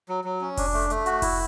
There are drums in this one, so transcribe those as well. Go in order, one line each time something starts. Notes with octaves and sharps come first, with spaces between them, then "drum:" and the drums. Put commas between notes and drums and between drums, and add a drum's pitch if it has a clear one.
F#3
F#3
C#4
D4, drum: kick F1, open hi-hat
A3
A3, drum: hi-hat
F#4, drum: hi-hat
E4, drum: kick F1, open hi-hat